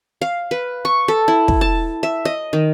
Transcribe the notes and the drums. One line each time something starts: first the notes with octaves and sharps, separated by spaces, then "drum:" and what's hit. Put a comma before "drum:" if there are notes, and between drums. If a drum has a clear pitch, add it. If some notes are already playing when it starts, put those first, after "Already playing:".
F5
B4
C#6
A4
E4
drum: kick
A5
E5
D#5
D#3